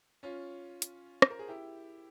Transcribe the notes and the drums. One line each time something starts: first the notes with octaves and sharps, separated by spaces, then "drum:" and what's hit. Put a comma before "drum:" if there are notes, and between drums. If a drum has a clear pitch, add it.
C#4 F4
drum: hi-hat
C5, drum: rim click
A#4
G#4
E4 G4